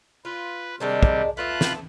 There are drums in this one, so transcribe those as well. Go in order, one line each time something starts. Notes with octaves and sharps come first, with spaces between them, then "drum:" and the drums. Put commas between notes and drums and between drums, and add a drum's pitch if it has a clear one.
F4 B4
C3 D#3 G3 G#3 D4
drum: kick
A3 B3 F4 E5 B5 F#6
drum: snare